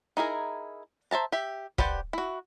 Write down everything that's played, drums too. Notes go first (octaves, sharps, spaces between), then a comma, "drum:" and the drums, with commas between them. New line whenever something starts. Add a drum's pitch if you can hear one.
D#4 E4 G#4 A#4
C5 E5 A5 A#5
G4 E5
G4 B4 C5 D5 F#5, drum: kick
E4 F#4